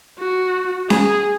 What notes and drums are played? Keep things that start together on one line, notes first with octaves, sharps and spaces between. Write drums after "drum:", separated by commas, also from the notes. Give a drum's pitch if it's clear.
F#4
G#4, drum: snare C#4